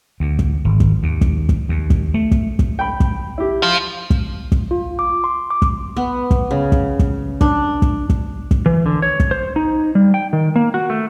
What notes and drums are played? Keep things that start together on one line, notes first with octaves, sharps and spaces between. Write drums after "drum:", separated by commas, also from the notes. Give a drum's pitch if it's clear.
D2
drum: kick
G#1
drum: kick
D#2
drum: kick
drum: kick
D#2
drum: kick
A3
drum: kick
drum: kick
G5 B5
drum: kick
E4 G4
F3 F4
drum: kick
drum: kick
F4
D6
C6
D6
drum: kick
B3
drum: kick
C#3
drum: kick
drum: kick
D4, drum: kick
drum: kick
drum: kick
drum: kick
E3
D3
C#5
drum: kick
C5
D#4
G3
G5
D#3
A#3
F#4
A3